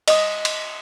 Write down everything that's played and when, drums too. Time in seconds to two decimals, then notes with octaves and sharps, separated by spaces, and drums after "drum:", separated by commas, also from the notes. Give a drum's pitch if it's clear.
0.08 D#5 D#6, drum: cymbal
0.45 drum: cymbal